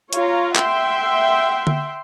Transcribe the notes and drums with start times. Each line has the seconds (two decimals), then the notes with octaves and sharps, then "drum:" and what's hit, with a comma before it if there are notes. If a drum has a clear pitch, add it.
0.13 F4 C#5 F5 A#5, drum: hi-hat
0.55 E5 F#5 G5 C6, drum: clap
1.67 drum: tom D3